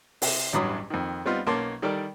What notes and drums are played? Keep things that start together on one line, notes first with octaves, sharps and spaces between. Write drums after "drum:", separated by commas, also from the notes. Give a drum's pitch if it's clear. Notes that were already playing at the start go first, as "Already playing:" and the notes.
C3, drum: open hi-hat
A1 E2 G2 F#3 B5 D#6
F2 D#3
G3 B3 C4 D#4 F4
B1 A#3 C#4 A5 C6 D6
D#3 G3 A4 A#4 D5